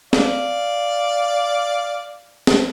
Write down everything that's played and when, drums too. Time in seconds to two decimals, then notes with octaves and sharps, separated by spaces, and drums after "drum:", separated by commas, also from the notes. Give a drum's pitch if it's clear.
0.13 D5 F5, drum: snare
2.47 drum: snare